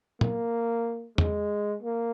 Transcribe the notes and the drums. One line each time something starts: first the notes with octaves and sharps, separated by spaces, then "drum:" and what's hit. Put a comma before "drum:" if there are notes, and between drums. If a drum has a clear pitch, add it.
A#3, drum: tom
G#3, drum: tom
A#3